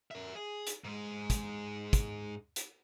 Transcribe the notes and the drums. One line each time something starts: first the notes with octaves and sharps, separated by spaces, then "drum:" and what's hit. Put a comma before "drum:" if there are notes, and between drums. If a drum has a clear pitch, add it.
A#4 E5
G#4
drum: hi-hat
G#2 G#3
drum: kick, hi-hat
drum: kick, hi-hat
drum: hi-hat